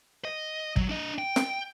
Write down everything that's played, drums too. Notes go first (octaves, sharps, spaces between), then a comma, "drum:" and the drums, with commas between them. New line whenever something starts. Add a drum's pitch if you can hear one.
D#5
F#3, drum: kick
D4 D#5
G5
drum: snare